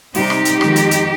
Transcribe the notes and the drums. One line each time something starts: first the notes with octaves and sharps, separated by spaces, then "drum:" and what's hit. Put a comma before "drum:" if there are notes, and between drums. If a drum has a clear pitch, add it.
C3 G3 D#4 G4, drum: open hi-hat
drum: rim click
drum: hi-hat
F2 D#3 G#3, drum: rim click
drum: hi-hat
drum: hi-hat